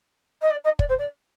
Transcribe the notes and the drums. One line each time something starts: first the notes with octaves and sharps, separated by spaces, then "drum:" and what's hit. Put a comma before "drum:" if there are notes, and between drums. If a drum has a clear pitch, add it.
D#5
D5
D#5
D5, drum: kick
C5
D5